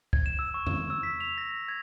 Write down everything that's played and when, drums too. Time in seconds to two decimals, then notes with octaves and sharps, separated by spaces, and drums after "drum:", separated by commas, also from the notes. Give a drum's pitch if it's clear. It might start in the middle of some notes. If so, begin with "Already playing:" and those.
0.13 G#6, drum: kick
0.26 E7
0.39 E6
0.54 C#6
0.67 E7, drum: tom E2
0.90 E6
1.03 B6
1.20 F7
1.38 A#6
1.68 G#6